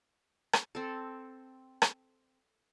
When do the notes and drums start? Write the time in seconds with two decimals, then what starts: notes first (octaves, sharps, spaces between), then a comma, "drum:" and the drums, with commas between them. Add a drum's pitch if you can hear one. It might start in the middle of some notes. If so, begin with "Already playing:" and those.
0.53 drum: rim click
0.75 C4 A4
1.82 drum: rim click